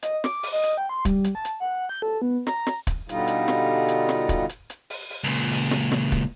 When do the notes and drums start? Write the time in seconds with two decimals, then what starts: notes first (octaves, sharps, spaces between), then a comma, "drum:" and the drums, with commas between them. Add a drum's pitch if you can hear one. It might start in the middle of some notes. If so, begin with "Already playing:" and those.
0.03 D#5, drum: hi-hat
0.24 D6, drum: snare
0.43 drum: open hi-hat
0.53 D#5
0.63 drum: hi-hat
0.77 G5
0.89 C6
1.05 G3, drum: kick, hi-hat
1.24 drum: hi-hat
1.35 A5
1.45 drum: hi-hat
1.60 F#5
1.89 G6
2.02 A4
2.22 B3
2.47 A#5, drum: snare
2.67 drum: snare
2.87 drum: kick, hi-hat
3.09 B2 D3 G3 D#4 F4, drum: hi-hat
3.27 drum: hi-hat
3.48 drum: snare
3.88 drum: hi-hat
4.09 drum: snare
4.29 drum: kick, hi-hat
4.49 drum: hi-hat
4.70 drum: hi-hat
4.90 drum: open hi-hat
5.10 drum: open hi-hat
5.24 C#2 A#2
5.51 drum: open hi-hat
5.71 drum: snare
5.92 drum: snare
6.12 drum: kick, hi-hat